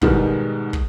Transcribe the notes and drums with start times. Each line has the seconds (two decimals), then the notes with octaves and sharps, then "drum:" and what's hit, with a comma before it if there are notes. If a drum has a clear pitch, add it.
0.01 G#2 B2 D#3 G3 G#3, drum: kick
0.73 drum: kick